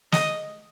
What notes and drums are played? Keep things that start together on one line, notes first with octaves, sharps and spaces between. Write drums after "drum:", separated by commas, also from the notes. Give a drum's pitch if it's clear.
D#5, drum: snare